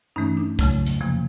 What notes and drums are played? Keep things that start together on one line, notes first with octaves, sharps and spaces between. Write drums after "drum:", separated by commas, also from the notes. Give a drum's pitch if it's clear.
G2 E3 A3 C#4 D#4
D4
F2 C#3 F#3 A3, drum: kick C2, hi-hat
drum: hi-hat
E2 C3 F3 A#3